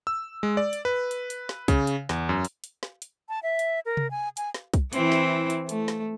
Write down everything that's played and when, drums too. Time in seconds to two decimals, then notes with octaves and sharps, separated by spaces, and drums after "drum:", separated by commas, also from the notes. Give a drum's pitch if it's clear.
0.07 E6
0.43 G#3
0.57 D5
0.73 drum: hi-hat
0.85 B4
1.11 drum: hi-hat
1.30 drum: hi-hat
1.49 drum: snare
1.68 C#3, drum: kick, hi-hat
1.87 drum: hi-hat
2.09 E2, drum: snare
2.29 F#2
2.45 drum: hi-hat
2.64 drum: hi-hat
2.83 drum: snare
3.02 drum: hi-hat
3.29 A5
3.43 E5
3.59 drum: hi-hat
3.86 A#4
3.97 drum: tom C3
4.11 G#5
4.37 G#5, drum: hi-hat
4.54 drum: snare
4.74 drum: kick, hi-hat
4.93 E3 C4 E4, drum: hi-hat
5.12 drum: snare
5.50 drum: hi-hat
5.69 A3, drum: hi-hat
5.88 drum: snare